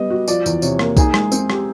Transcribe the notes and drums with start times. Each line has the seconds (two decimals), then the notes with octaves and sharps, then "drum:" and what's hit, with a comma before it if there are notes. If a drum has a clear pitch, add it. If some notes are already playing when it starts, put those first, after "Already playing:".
Already playing: G3 B3 D#5
0.10 F#4
0.28 F3 D5, drum: tambourine
0.46 E2, drum: tambourine
0.62 C3 C#5, drum: tambourine
0.79 A#3, drum: rim click
0.97 D#4 G#4, drum: kick B1, tambourine
1.14 G#3, drum: rim click
1.32 C4, drum: tambourine
1.50 G4, drum: rim click